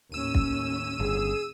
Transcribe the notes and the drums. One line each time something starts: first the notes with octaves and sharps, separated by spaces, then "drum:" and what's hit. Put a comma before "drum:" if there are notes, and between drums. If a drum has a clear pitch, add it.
D#2 A2 C#4 E6 D#7
drum: kick
G1 G#4